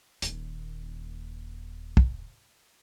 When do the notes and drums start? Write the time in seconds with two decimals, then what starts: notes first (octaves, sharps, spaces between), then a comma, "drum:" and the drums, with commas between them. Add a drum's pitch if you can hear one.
0.22 D#1 D#2, drum: hi-hat
1.97 drum: kick